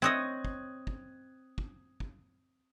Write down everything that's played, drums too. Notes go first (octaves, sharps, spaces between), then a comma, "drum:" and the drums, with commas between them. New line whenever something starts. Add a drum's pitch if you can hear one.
C4 C#5 D#5 D#6 F#6 G#6
drum: kick
drum: kick
drum: kick
drum: kick